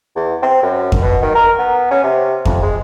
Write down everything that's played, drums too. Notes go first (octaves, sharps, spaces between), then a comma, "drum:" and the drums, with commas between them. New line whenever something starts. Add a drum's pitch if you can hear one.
E2
C4
F#2
drum: kick F2
B2
D#3
A#4
B3
C#4
C3
F2, drum: kick F2
G#3